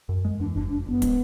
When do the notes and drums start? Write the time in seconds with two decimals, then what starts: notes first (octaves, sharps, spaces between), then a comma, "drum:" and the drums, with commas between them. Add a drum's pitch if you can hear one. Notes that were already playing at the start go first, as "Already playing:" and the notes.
0.09 F#2
0.25 G#3
0.40 E2 D4
0.55 F#1 D4
0.71 F#1 D4
0.87 F#1 B3
1.02 G#3, drum: kick, hi-hat